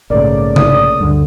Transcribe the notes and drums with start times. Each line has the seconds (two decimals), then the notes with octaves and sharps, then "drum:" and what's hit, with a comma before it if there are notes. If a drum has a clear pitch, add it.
0.10 A#1 G#2 C#3 A3 A#3 D5
0.56 D#6, drum: tom C3
1.00 D2 G2 D3